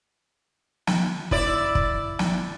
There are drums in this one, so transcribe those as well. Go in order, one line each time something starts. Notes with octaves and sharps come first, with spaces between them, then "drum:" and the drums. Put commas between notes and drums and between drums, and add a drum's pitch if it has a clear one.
drum: snare
E4 D5, drum: kick
drum: kick
drum: snare